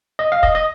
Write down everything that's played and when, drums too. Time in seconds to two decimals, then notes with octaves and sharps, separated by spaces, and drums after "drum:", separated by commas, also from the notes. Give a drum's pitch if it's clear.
0.19 D#5
0.32 F5
0.43 D#5, drum: kick
0.55 D#5